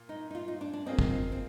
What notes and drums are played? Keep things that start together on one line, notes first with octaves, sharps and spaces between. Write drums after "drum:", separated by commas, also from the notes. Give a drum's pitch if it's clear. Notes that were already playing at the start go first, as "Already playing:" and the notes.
Already playing: A#2
D#4
D#4
F4
D#4
D4
D4
A#3 C4 F4 G#4 D#5
drum: kick
C4